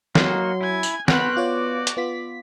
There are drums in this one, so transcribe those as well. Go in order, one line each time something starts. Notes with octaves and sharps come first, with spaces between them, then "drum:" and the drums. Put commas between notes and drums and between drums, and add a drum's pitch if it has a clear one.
F#3 A#3 D#4 F#4 C6, drum: snare
E4 G#5 G#6
drum: tambourine
B3 F#4 F#5 G5 B5 C6 F6 F#6, drum: snare
F4 C#5 D5 D6
drum: hi-hat
B3 F4 B6